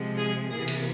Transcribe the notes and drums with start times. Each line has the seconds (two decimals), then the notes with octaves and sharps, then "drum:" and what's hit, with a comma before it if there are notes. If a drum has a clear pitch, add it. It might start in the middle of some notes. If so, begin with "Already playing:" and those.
Already playing: C3 F3 G#3
0.18 G#4
0.50 C3 E3 A#3 G#4
0.68 drum: cymbal